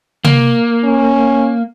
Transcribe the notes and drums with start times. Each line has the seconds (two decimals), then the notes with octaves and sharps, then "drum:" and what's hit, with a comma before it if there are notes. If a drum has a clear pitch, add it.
0.25 A#3, drum: tom
0.84 C#4